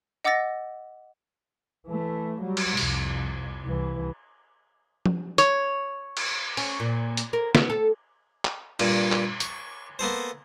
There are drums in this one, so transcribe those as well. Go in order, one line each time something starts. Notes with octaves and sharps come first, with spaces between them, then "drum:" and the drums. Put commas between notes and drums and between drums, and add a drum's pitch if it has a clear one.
D#5 F#5 D6 E6 A6 A#6
E3 A3
F#3 G3
drum: cymbal
C2 F2, drum: open hi-hat
C2 E3
drum: tom F3
C#5, drum: hi-hat
drum: cymbal
C#4, drum: open hi-hat
A#2
drum: hi-hat
A#4
B3, drum: snare
A4
drum: clap
G2 A#2, drum: cymbal
drum: clap
C#6, drum: hi-hat
A#3 B3 A4 C5